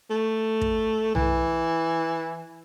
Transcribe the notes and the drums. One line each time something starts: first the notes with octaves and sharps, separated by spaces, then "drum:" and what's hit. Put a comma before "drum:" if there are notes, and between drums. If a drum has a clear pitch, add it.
A3
drum: kick
E3, drum: tom B1